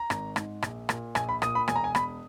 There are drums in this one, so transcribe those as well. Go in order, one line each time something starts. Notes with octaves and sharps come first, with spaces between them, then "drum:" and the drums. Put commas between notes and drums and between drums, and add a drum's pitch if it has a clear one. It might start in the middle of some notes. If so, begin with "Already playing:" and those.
Already playing: A#5
G#1, drum: rim click
G#2, drum: rim click
A#1, drum: rim click
A#2, drum: rim click
A#1 G#5, drum: rim click
B5
A#2 D#6, drum: rim click
B5
E1 G#5, drum: rim click
A#5
G#5
E1 B5, drum: rim click